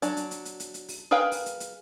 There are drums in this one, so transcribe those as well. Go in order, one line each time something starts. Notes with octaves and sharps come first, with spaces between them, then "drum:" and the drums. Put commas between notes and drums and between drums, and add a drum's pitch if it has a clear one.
F#3 D4, drum: hi-hat
drum: hi-hat
drum: hi-hat
drum: hi-hat
drum: hi-hat
drum: hi-hat
drum: open hi-hat
G#4 A#4 B4 F5 G5
drum: open hi-hat
drum: hi-hat
drum: hi-hat